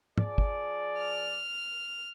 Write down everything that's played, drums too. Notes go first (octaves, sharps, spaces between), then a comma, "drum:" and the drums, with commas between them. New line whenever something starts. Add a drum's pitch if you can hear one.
F3 G#4 D5, drum: tom
drum: kick
F6